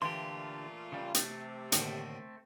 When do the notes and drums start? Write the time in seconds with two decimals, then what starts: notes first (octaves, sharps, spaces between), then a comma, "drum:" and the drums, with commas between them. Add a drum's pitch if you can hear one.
0.02 A#2 D3 E3 A3 F4 G4 C6
0.92 C#3 G3
1.14 C3 A3, drum: hi-hat
1.72 D#2 A2 D3 A3 C4, drum: hi-hat